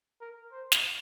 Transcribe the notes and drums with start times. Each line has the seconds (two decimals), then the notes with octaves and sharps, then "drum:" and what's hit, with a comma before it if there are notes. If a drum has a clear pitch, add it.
0.21 A#4
0.52 C5
0.72 drum: snare